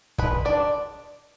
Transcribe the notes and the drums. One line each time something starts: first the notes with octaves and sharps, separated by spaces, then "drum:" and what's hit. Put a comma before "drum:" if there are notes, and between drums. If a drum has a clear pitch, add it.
G#3 B4, drum: kick
D4 D5